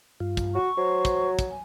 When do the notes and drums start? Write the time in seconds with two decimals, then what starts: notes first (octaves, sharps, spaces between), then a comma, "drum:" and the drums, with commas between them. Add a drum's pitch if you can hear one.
0.20 G2 F4
0.37 drum: kick, hi-hat
0.55 F#4 C#6
0.78 F#3 C5
1.05 drum: kick, hi-hat
1.39 drum: kick, hi-hat
1.51 G#5